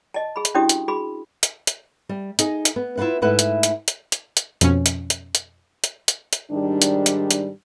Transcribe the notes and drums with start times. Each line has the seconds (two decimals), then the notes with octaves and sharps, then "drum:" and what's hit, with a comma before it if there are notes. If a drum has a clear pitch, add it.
0.14 D#5 A5
0.36 G#4 B5
0.45 drum: hi-hat
0.55 C#4 D4 E4 F#4 G4 D#6
0.69 drum: hi-hat
0.88 F#4 G#4 B5
1.43 drum: hi-hat
1.67 drum: hi-hat
2.09 G3
2.39 D#4 G#4 D#5, drum: hi-hat
2.65 drum: hi-hat
2.76 B3
2.97 E4 F4 G#4 B4 F#5
3.22 G#2 A3 E4 B4 F#5
3.39 drum: hi-hat
3.63 drum: hi-hat
3.88 drum: hi-hat
4.12 drum: hi-hat
4.37 drum: hi-hat
4.61 F2 B2 C#4, drum: hi-hat
4.86 drum: hi-hat
5.10 drum: hi-hat
5.35 drum: hi-hat
5.84 drum: hi-hat
6.08 drum: hi-hat
6.33 drum: hi-hat
6.51 G#2 D#3 G3 D4
6.82 drum: hi-hat
7.06 drum: hi-hat
7.31 drum: hi-hat